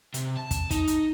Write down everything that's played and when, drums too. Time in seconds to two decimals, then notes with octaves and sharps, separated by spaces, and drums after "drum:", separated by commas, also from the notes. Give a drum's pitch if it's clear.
0.14 C3, drum: hi-hat
0.37 A5
0.51 drum: kick, hi-hat
0.71 D#4, drum: kick, hi-hat
0.87 drum: hi-hat